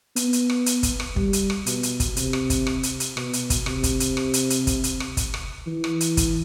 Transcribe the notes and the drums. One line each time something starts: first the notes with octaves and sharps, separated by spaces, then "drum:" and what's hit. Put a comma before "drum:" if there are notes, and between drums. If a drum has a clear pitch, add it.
B3, drum: hi-hat
drum: hi-hat
drum: rim click
drum: hi-hat
drum: kick, hi-hat
drum: rim click
G3, drum: kick
drum: hi-hat
drum: rim click
B2, drum: hi-hat
drum: hi-hat
drum: kick, hi-hat
C3, drum: hi-hat
drum: rim click
drum: kick, hi-hat
drum: rim click
drum: hi-hat
drum: hi-hat
B2, drum: rim click
drum: hi-hat
drum: kick, hi-hat
C3, drum: rim click
drum: kick, hi-hat
drum: hi-hat
drum: rim click
drum: hi-hat
drum: hi-hat
drum: kick, hi-hat
drum: hi-hat
drum: rim click
drum: kick, hi-hat
drum: rim click
E3
drum: rim click
drum: hi-hat
drum: kick, hi-hat